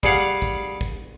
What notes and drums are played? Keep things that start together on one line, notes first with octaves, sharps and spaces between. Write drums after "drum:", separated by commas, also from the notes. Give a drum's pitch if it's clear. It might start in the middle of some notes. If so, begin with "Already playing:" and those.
G3 G#4 F5 F#5, drum: kick
drum: kick
drum: kick